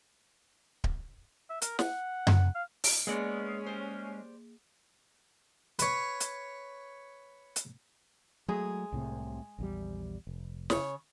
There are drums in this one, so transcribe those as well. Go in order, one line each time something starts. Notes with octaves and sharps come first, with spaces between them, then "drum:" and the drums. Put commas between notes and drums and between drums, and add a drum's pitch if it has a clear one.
drum: kick D1
E5
A#4, drum: hi-hat
F#5, drum: snare
drum: tom F#2
F5
drum: open hi-hat
G#3 A#3 B3 C#4 G#4 D5 C#7
G3 C5
B4 C#5, drum: hi-hat
drum: hi-hat
drum: hi-hat
F#3 G#3 A3 G#4
C2 A2 C3
A#1 E2 G3
F1
C#3 C#5, drum: snare